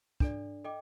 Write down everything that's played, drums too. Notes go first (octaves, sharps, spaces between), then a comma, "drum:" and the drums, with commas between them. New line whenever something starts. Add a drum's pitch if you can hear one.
D4 A4 D5, drum: kick
A4 D#5 G5 D6